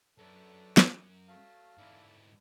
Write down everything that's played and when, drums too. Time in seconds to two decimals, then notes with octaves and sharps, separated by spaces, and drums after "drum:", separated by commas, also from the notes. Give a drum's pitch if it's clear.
0.18 F#2 A3 B3 D4 A4
0.77 drum: snare
1.29 F#3 A3 F5 A5
1.78 G#2 E3 E4 A4 D5